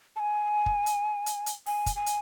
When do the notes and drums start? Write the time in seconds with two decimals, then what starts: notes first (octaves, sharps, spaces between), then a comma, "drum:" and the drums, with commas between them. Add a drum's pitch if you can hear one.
0.16 A5
0.20 G#5
0.66 drum: kick
0.86 drum: hi-hat
1.26 drum: hi-hat
1.46 drum: hi-hat
1.67 G#5, drum: open hi-hat
1.86 drum: kick, hi-hat
1.96 G#5
2.06 drum: hi-hat